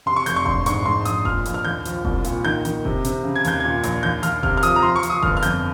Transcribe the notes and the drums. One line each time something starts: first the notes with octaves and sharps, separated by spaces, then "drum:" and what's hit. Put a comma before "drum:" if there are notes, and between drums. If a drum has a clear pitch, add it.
C3 C6
C#6
F1 G6, drum: hi-hat
C#6
A#1 C6, drum: kick F1
G#2 C#6, drum: hi-hat
G#2 C6
A#1 D#6, drum: hi-hat
A#2 F6, drum: kick F1
A#1, drum: hi-hat
F6
D#2 G6
F3, drum: hi-hat
C2, drum: kick F1
A#2, drum: hi-hat
D#3 G6
D#3, drum: hi-hat
C3, drum: kick F1
C3, drum: hi-hat
C#3
G#6
D#2 G6, drum: hi-hat
A#2 G#6
A#1, drum: hi-hat
D#2 G6
D#2 F6, drum: hi-hat
C3 F6, drum: kick F1
F6
F3 D#6, drum: hi-hat
A#5
F3 C6
C#6
F3, drum: hi-hat
D#6
G1 F6, drum: kick F1
F6
F2 G6, drum: hi-hat